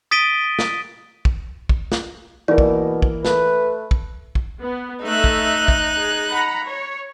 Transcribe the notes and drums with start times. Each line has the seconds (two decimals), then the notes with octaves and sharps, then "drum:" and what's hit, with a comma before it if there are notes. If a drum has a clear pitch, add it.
0.11 D#6 A6 B6 D7 D#7 G7
0.59 drum: snare
1.25 drum: kick
1.69 drum: kick
1.92 drum: snare
2.48 B2 E3 A#3 A#4 D5
2.58 drum: kick
3.02 drum: kick
3.25 A3 B4, drum: snare
3.91 drum: kick
4.35 drum: kick
4.62 B3
5.04 A3 D#4 E5 F#6
5.24 drum: kick
5.68 drum: kick
5.97 G#4
6.30 F#5 A#5 B5
6.63 C#5